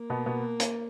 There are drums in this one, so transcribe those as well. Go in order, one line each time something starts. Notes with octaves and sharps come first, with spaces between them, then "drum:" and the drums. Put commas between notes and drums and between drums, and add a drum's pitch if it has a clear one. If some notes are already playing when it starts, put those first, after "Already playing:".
Already playing: A#3
B2 B3
B2 B3
drum: hi-hat